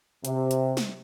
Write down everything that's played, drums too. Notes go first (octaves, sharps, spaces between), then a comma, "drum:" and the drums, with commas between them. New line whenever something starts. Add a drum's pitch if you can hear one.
C3, drum: hi-hat
drum: hi-hat
drum: snare